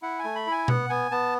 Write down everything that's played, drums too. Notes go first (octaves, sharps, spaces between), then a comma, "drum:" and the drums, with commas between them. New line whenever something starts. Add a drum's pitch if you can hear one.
E4 F#5
G#5
A3
B5
E4
G#5
B3 F#5, drum: tom B2
B3 G#5
B3 A5